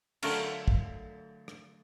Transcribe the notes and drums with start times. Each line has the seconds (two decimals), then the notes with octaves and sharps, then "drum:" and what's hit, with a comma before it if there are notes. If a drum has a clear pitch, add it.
0.22 D3 F#3 A3 F4 A#4, drum: cymbal
0.68 drum: kick
1.48 drum: rim click